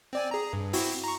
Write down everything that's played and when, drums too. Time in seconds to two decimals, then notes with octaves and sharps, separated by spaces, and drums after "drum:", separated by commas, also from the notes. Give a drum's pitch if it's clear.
0.13 C4 D5 G#5
0.31 G#4 A#5
0.53 G2
0.73 C4 E4 F#4, drum: open hi-hat
1.04 A#5 C#6